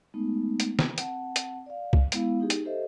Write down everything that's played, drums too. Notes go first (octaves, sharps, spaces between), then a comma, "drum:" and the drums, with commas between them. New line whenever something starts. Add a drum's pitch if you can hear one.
G#3 A3 B3 D#4
drum: hi-hat
drum: snare
C4 F#5 A5, drum: hi-hat
drum: hi-hat
D5 F5
drum: kick C#2
G#3 B3 E4 F5, drum: hi-hat
D#4 G4 G#4
drum: hi-hat
G4 A4 C5 D#5 E5